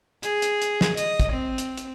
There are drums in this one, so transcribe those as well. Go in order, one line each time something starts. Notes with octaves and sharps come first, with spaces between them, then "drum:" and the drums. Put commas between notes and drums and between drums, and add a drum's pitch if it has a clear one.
G#4, drum: hi-hat
drum: hi-hat
drum: hi-hat
drum: snare
D#5, drum: hi-hat
drum: kick, hi-hat
C4
drum: hi-hat
drum: hi-hat